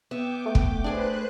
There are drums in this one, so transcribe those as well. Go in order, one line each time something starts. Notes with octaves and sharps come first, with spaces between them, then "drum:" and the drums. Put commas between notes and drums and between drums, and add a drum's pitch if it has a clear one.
B3 E5 G5 D6
A3
drum: kick
D4 G#4 B4 C5 F#6